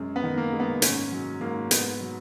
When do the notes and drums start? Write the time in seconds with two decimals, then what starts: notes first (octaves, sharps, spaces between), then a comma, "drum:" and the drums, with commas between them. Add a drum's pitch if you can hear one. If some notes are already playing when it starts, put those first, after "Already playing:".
Already playing: F#2 G#3
0.16 B3
0.23 D#3
0.38 A#3
0.53 G#3
0.60 B3
0.82 G#2 C#4, drum: hi-hat
1.12 F#3
1.41 G#2 A#3
1.71 G#2 B3, drum: hi-hat
2.01 F#3